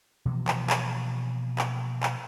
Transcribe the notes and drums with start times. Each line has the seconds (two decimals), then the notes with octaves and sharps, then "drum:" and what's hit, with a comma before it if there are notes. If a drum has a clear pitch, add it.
0.25 B2 E3 F3 A#3
0.48 drum: clap
0.70 drum: clap
1.58 drum: clap
2.03 drum: clap